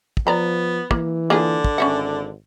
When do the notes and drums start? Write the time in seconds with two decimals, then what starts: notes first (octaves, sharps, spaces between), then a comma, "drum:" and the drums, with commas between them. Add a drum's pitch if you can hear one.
0.17 drum: kick
0.27 F3 B3 D5 A#5 B5
0.91 E3 A#3, drum: kick
1.30 D3 A#3 F4 G#4
1.64 drum: kick
1.78 G#1 C#4 E5 F#5